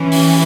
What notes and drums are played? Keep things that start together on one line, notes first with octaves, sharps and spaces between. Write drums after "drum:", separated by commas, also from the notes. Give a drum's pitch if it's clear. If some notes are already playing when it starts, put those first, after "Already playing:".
Already playing: E3 C#4
drum: open hi-hat